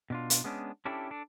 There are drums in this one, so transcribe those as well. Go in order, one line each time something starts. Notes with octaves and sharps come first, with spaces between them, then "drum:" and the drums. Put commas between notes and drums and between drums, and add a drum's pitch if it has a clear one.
B2 D4 F4
drum: hi-hat
G#3 B3 C#4 D4
C#4 D4 E4 G4 A4
D4 A4